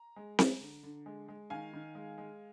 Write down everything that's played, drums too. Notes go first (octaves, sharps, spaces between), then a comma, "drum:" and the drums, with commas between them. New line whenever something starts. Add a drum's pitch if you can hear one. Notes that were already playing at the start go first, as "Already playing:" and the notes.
Already playing: A#5
G#3
G#3, drum: snare C4
D3
D3
G#3
G#3
D#3 F5 G#5
D#3
G#3
G#3